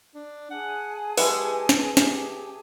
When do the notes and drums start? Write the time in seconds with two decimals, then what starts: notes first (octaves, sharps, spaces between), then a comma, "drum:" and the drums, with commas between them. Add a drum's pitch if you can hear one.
0.15 D4
0.50 G#4 F#5 G#5 A5
1.17 G#3 E4 G4 B4 F#5, drum: open hi-hat
1.69 drum: snare
1.97 G4 E5, drum: snare